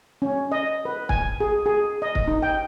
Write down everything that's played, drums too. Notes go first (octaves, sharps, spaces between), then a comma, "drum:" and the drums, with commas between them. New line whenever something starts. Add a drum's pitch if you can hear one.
C#4
D#5
B4
G#5, drum: kick
G#4
G#4
D#5
drum: kick
D#4
G5